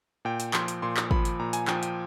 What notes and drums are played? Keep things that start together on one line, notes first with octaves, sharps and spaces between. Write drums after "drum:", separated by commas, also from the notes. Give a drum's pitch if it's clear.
A#2 G5
drum: hi-hat
F3 C6, drum: clap
drum: hi-hat
A#2 C6
drum: clap
F3 B5, drum: kick
drum: hi-hat
A#2 A#5
G#5, drum: hi-hat
F3 G5, drum: clap
G5, drum: hi-hat